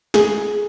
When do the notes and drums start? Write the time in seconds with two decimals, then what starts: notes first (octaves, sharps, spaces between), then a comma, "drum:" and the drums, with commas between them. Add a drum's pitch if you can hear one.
0.14 G#4, drum: snare